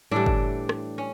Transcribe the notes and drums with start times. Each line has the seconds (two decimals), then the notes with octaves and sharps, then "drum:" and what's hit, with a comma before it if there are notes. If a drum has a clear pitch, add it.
0.11 A2 E3 G3 D4
0.26 drum: kick
0.69 drum: rim click
0.98 C#4